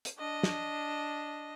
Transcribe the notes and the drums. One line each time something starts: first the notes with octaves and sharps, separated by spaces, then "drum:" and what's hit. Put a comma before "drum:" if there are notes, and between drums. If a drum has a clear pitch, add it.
drum: hi-hat
D4 D#5
drum: snare